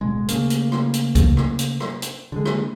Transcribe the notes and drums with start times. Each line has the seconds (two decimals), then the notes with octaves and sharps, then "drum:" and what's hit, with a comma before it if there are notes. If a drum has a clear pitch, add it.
0.01 D1 B2 G#3
0.28 C#3 A3 A#3, drum: hi-hat
0.50 drum: hi-hat
0.72 drum: rim click
0.94 drum: hi-hat
1.15 drum: kick, hi-hat
1.37 drum: rim click
1.59 drum: hi-hat
1.80 drum: rim click
2.02 drum: hi-hat
2.32 D3 G#3
2.46 drum: rim click